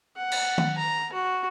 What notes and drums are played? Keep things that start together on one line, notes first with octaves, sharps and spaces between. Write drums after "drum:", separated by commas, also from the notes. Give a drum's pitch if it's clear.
F#5
drum: cymbal
drum: tom D#3
A#5
F#4